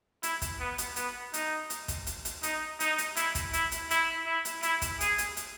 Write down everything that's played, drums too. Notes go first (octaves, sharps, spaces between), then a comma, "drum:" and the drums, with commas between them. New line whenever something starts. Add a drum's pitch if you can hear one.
E4, drum: hi-hat
drum: kick, hi-hat
B3
drum: hi-hat
B3, drum: hi-hat
D#4, drum: hi-hat
drum: hi-hat
drum: kick, hi-hat
drum: hi-hat
drum: hi-hat
D#4, drum: hi-hat
D#4, drum: hi-hat
drum: hi-hat
E4, drum: hi-hat
drum: kick, hi-hat
E4, drum: hi-hat
drum: hi-hat
E4, drum: hi-hat
E4
drum: hi-hat
E4, drum: hi-hat
drum: kick, hi-hat
G#4, drum: hi-hat
drum: hi-hat
drum: hi-hat